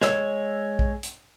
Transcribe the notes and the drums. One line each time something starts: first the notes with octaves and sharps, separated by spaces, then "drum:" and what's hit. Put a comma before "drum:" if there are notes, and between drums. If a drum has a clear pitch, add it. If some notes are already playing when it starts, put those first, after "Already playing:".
G#3 C#5 E6, drum: snare
drum: kick A#1
drum: hi-hat